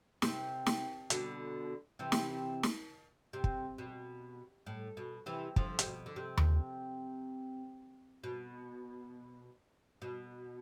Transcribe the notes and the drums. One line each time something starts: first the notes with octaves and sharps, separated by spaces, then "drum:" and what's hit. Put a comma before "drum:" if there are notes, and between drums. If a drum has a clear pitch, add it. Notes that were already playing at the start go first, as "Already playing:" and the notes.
C3, drum: snare
drum: snare
B2 D3, drum: hi-hat
C3 E3
drum: snare
drum: snare
C3
drum: kick
B2
A2
B2
C3 E3
D3 F3, drum: kick
C3, drum: hi-hat
B2
D3
C3
drum: tom D#2
B2
B2